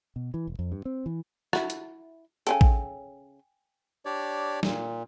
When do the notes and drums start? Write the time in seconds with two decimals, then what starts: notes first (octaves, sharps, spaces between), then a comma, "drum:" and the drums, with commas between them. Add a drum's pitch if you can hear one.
0.16 B2
0.34 E3
0.47 E1
0.59 F2
0.72 G2
0.85 C4
1.06 E3
1.53 E4 F#4, drum: rim click
1.70 drum: hi-hat
2.47 C#3 C#4 A4 G5 G#5, drum: hi-hat
2.61 drum: kick A1
4.05 D4 G4 C#5 D5
4.63 A#2, drum: snare